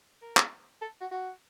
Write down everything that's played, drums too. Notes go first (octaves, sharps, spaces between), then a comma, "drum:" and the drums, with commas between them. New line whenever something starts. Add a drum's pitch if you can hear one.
A#4
drum: clap
A4
F#4
F#4